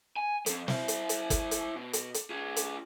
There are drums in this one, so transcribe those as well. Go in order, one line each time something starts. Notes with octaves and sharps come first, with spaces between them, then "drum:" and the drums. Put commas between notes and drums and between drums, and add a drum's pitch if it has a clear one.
G#5
F3 C4, drum: hi-hat
E4 C5, drum: snare
drum: hi-hat
drum: hi-hat
drum: kick, hi-hat
drum: hi-hat
B2
drum: hi-hat
drum: hi-hat
F4 G#4
drum: hi-hat